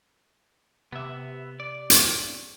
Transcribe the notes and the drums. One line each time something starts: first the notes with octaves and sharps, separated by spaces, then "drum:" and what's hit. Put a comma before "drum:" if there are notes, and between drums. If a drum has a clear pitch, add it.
C3 B3 E5
D5
drum: hi-hat